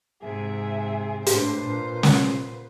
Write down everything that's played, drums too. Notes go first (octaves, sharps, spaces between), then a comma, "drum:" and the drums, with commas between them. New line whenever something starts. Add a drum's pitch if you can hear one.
G#2 C3 G#4 E5
A2 D4 B4 C5, drum: hi-hat
A#2 B4
drum: snare